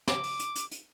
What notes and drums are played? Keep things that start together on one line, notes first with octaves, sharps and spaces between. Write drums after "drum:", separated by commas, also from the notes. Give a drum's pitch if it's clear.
D6, drum: snare
drum: open hi-hat
drum: hi-hat
drum: hi-hat
drum: hi-hat